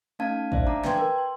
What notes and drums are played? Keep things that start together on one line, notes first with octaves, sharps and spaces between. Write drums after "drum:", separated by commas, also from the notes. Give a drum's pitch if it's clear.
A3 C#4 D#4 F5 A5 G#6
C5 D5 E5 F5, drum: kick
D4 A5 A#5 D6
B4 G5 C6 G#6, drum: snare
A#4
C6